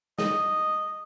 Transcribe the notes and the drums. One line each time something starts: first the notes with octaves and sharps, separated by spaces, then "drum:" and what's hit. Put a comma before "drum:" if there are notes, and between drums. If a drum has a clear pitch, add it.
D#5, drum: snare